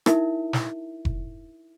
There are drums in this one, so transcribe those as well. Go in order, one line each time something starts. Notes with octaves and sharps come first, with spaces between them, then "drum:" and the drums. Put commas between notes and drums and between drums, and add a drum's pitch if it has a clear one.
D#4 E4 A#4 E5, drum: rim click
drum: snare
drum: kick F1